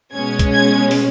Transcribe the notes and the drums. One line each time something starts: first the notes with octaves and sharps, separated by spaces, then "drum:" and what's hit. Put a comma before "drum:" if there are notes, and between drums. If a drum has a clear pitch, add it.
B2 G#3 C#4 G#6
drum: kick, hi-hat
G#6
drum: open hi-hat